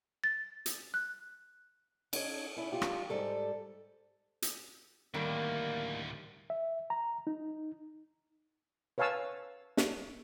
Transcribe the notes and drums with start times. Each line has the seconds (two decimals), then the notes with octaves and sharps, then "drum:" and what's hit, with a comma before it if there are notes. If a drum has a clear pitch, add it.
0.24 A6
0.66 drum: hi-hat
0.94 F#6
2.13 C#4 D#4 E4 C#5, drum: cymbal
2.57 C#4 E4
2.72 F4 G4
2.82 drum: rim click
3.10 G#2 G3 A4
4.42 drum: hi-hat
5.14 D2 A2 D#3 G3 A#3
6.50 E5
6.90 A#5
7.27 D#4
8.98 B4 C#5 F5 G#5 A5 E6
9.77 drum: snare